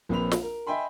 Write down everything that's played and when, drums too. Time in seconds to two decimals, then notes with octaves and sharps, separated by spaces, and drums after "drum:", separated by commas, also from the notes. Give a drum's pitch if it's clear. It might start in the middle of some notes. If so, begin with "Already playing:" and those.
0.09 A#1 A#3 C4 B4 B5 F7
0.31 drum: snare
0.43 A#4
0.67 D#5 E5 G5 G#5 B5 C6